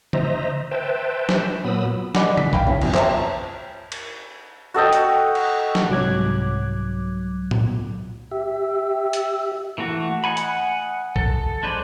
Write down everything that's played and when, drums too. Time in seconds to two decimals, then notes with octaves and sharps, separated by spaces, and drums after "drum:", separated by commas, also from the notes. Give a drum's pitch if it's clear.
0.13 C5 D#5 E5 A#5, drum: tom C#3
0.71 B4 C5 E5 G5 A5
1.29 drum: snare
1.64 A#2 F#3 B3 B5 D#6 E6
2.15 D5 D#5 F#5 G#5 B5 D6, drum: snare
2.37 B6, drum: tom C#3
2.53 F5 G5 G#5 B5, drum: kick B1
2.67 E2 C#4
2.81 A1 F#2 C3 F3, drum: cymbal
2.94 C5 C#5 E5 G5 A5 A#5, drum: clap
3.92 drum: cymbal
4.74 F#4 A4 D#5 G5
4.93 drum: hi-hat
5.35 drum: cymbal
5.75 drum: snare
5.90 C2 G#2 F#3 D6 F#6 G#6
7.51 drum: tom A2
8.31 G4 E5
9.13 drum: hi-hat
9.78 E3 A3 F#4
10.24 D#5 F#5 G#5 B5
10.37 drum: hi-hat
11.16 A4, drum: kick B1
11.63 G#3 D4 B4 C5 D5